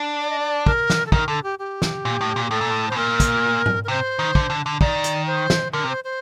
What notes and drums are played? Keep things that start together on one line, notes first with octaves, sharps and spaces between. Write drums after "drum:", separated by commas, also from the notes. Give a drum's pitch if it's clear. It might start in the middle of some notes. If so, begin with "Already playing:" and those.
Already playing: D4
D5
D#5
D5
A#4, drum: kick
drum: snare
A4
D#3 A#4, drum: kick
D3 A4
G4
G4
drum: snare
A#2
A2
A#2
G4
A2 A4
A#2
A2
C5
A2
A#2 A#4
drum: kick, hi-hat
drum: tom G#2
A#4
C3 C5
D#3
D3, drum: kick
D3
D3
D#3 D5, drum: kick
drum: hi-hat
C5
drum: snare
D3 A#4
C3
C5
C5